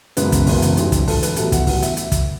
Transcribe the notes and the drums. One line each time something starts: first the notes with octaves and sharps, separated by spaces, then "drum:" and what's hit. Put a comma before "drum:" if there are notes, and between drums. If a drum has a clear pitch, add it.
F#1 F#2 E3 G#3 B3 B4, drum: hi-hat
drum: kick, hi-hat
F#1 F#2 E3 G#3 B3, drum: kick, open hi-hat
drum: hi-hat
A1 G#2 F#3, drum: hi-hat
drum: kick, hi-hat
A1 G#2 F#3 A4, drum: kick, open hi-hat
B4, drum: hi-hat
A1 A2 F#3 B3 A4, drum: hi-hat
F#5, drum: kick, hi-hat
A1 A2 F#3 B3 F#5, drum: kick, open hi-hat
E5, drum: hi-hat
drum: hi-hat
drum: kick, hi-hat